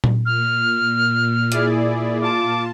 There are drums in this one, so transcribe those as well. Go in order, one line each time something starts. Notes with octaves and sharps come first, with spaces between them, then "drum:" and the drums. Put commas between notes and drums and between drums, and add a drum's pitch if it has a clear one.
drum: tom A#2
A#2 F6
E4 G#4 D5, drum: hi-hat
F4 A5 D6